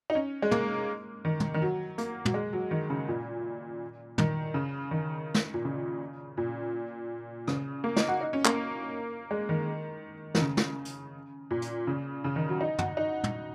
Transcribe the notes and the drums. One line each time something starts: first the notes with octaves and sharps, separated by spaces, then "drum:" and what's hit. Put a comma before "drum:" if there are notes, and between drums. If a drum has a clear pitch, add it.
D#4
C#4
G#3
A#3, drum: tom
D#3
drum: tom
D#3
F#3
A#3, drum: hi-hat
F#3, drum: tom
G#3
F#3
D#3
C#3
A#2
D#3, drum: tom
C#3
D#3
drum: snare
A#2
C#3
A#2
C#3, drum: rim click
A#3
D#4, drum: snare
F#4
D#4
C#4
A#3, drum: clap
G#3
D#3
D#3, drum: snare
C#3
drum: snare
drum: hi-hat
A#2
drum: hi-hat
C#3
C#3
D#3
F#3
D#4
F#4, drum: tom
D#4
drum: tom